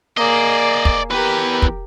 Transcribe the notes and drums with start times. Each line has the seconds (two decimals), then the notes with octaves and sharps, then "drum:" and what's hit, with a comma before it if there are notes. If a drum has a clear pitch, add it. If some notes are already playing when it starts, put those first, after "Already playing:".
0.17 A#3 G#4 D5 D#5
0.85 drum: kick
1.11 E2 G4 A#4 B4
1.62 drum: kick